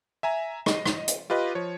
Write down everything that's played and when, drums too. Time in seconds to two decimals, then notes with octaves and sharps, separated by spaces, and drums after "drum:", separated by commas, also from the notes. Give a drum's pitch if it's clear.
0.23 E5 G#5 A#5
0.66 D#5, drum: rim click
0.86 drum: rim click
1.08 drum: hi-hat
1.30 F4 G4 B4 D#5
1.55 F3 C#5